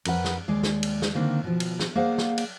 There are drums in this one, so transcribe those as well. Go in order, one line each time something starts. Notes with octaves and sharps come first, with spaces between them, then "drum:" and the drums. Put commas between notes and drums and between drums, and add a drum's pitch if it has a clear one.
F2 A#4 B4 F#5, drum: cymbal
drum: snare
D#2 G#3 D5
drum: snare
drum: cymbal
drum: snare
D3 D#3 A#3 C4
B2 F3
drum: cymbal
drum: snare
A#3 G#4 C5 D5 F5 F#5
drum: snare
drum: cymbal